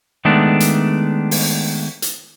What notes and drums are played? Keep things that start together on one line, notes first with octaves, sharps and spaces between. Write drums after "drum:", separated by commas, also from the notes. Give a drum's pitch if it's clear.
D#3 G#3 A3 B3 D4
drum: hi-hat
drum: open hi-hat
drum: hi-hat